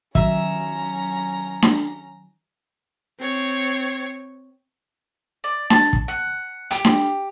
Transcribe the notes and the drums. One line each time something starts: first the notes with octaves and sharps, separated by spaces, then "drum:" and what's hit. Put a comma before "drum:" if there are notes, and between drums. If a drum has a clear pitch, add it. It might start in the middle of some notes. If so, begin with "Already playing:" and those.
D#3 F#3 C#4 E5 A#5, drum: kick
drum: snare D4
C4 C#5
D5
A5, drum: snare D4
drum: kick
F#5
G4, drum: hi-hat
drum: snare D4